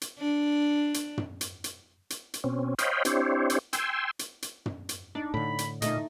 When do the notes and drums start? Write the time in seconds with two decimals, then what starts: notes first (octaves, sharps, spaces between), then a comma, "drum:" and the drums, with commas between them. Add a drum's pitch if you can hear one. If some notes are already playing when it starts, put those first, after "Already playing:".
0.01 drum: hi-hat
0.19 D4
0.94 drum: hi-hat
1.18 drum: tom
1.41 drum: hi-hat
1.64 drum: hi-hat
2.10 drum: hi-hat
2.34 drum: hi-hat
2.44 B2 C4 C#4
2.78 C5 C#5 D#5 F5 G5 B5, drum: hi-hat
3.05 C4 D4 E4 G4 C5 C#5, drum: hi-hat
3.50 drum: hi-hat
3.73 G5 G#5 C6 E6, drum: hi-hat
4.19 drum: hi-hat
4.42 drum: hi-hat
4.66 drum: tom
4.89 drum: hi-hat
5.15 D4 D#4
5.34 A2 D3 B5
5.58 drum: hi-hat
5.82 A#2 A3 D#4 D#5, drum: hi-hat